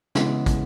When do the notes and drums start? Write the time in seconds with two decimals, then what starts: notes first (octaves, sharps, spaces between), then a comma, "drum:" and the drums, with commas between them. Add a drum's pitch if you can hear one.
0.15 C#3 E3 G#3 B3, drum: snare
0.46 drum: kick, hi-hat